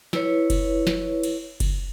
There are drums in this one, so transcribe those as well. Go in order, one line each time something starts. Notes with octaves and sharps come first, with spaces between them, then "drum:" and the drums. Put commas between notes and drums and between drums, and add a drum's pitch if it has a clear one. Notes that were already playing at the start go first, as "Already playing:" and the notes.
E4 B4 C#5, drum: snare
drum: kick F#1, cymbal
drum: snare
drum: cymbal
drum: kick F#1, cymbal